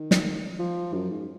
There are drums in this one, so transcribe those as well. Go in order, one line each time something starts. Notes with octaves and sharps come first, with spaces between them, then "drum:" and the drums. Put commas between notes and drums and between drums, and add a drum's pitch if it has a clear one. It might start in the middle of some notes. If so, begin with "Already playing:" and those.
Already playing: D#3
drum: snare
F3
F#2
G#2